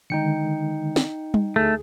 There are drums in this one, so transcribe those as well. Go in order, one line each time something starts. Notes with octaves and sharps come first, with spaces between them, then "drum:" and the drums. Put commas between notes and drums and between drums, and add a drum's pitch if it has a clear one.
D3 D#3 G#3 D#4 G5 C#7
drum: snare
drum: tom G3
D2 A3 G#4